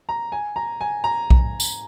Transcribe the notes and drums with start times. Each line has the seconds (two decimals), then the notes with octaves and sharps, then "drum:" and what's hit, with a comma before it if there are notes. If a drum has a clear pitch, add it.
0.09 A#5
0.32 G#5
0.56 A#5
0.81 G#5
1.04 A#5
1.30 drum: kick B1
1.60 drum: tambourine